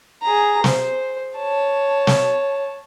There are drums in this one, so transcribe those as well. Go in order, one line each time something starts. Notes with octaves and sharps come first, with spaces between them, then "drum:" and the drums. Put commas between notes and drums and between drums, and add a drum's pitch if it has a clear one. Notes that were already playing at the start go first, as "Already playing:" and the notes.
G#4 A#5
C5, drum: snare
C#5 A5
drum: snare